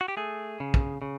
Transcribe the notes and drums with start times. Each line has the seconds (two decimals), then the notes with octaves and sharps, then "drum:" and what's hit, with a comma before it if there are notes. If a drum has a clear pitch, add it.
0.01 F#4
0.08 G4
0.17 A3 G#4
0.60 C#3
0.74 drum: kick
1.02 C#3